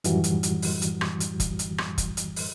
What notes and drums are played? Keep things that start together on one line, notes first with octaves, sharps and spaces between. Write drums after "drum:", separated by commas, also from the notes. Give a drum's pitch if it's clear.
F#2 A2 D#3 E3 G3 F#4, drum: hi-hat
drum: hi-hat
drum: hi-hat
drum: open hi-hat
drum: hi-hat
drum: rim click
drum: hi-hat
drum: kick F1, hi-hat
drum: hi-hat
drum: rim click
drum: kick F1, hi-hat
drum: hi-hat
drum: open hi-hat